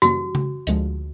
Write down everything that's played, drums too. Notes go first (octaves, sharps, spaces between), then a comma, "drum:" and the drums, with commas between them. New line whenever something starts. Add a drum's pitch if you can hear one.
F#2 C#3 E3 G3 A#3 F#4, drum: hi-hat
drum: tom C#3
D2 D3 F3 G#3, drum: hi-hat